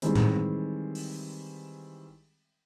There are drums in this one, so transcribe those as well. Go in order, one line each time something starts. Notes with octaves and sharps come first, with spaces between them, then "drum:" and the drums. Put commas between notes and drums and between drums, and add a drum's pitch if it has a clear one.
D#3 E3 G3 G#3 C4, drum: hi-hat
drum: tom A2
drum: open hi-hat